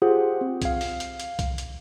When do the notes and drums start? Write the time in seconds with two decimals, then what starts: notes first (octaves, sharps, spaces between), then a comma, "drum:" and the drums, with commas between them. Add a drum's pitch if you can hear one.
0.02 F4 G4 G#4 C5 F#5
0.41 C4
0.62 F5 G#6, drum: kick C2, hi-hat
0.81 drum: open hi-hat
1.00 drum: hi-hat
1.20 drum: hi-hat
1.39 drum: kick C2, hi-hat
1.58 drum: hi-hat